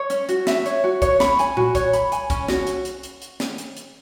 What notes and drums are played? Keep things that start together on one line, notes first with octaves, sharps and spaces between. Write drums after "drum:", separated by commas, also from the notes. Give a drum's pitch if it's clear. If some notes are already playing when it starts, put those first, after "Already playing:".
Already playing: C#5
C#4, drum: hi-hat
F#4, drum: hi-hat
E5, drum: snare
C#5, drum: hi-hat
F#4
C#5, drum: kick, hi-hat
B5, drum: snare
G#5, drum: hi-hat
F#4, drum: tom A#2
C#5, drum: kick, hi-hat
B5, drum: hi-hat
G#5, drum: hi-hat
C#4, drum: kick, hi-hat
F#4, drum: snare
drum: hi-hat
drum: hi-hat
drum: hi-hat
drum: hi-hat
drum: snare
drum: hi-hat
drum: hi-hat